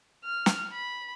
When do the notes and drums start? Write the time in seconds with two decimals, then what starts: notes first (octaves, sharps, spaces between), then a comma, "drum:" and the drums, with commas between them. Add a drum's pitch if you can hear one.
0.25 F6
0.46 drum: snare
0.73 B5